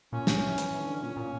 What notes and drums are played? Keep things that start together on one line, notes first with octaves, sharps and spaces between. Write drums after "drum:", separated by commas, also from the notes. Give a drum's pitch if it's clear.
A#2 C#4
G2, drum: snare
E3
E3, drum: hi-hat
D3
A#2 C#4
A#2